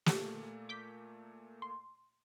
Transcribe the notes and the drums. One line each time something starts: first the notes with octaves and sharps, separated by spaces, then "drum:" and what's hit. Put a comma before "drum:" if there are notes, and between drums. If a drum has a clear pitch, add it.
A#2 A3 A#3 G4, drum: snare
D6 G6 B6
C6